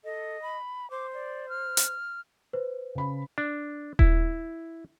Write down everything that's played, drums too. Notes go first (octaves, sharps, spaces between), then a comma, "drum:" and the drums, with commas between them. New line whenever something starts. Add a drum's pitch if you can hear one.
A4 D#5
B5
C5 D6
D5
F6
drum: hi-hat
B4 C5
C#3 B5
D4
E4, drum: kick D#1